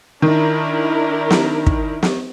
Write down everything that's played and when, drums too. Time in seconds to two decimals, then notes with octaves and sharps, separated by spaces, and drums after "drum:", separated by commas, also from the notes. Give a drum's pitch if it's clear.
0.22 D#3 D4 E4 A#4
1.30 drum: snare
1.67 drum: kick
2.03 drum: snare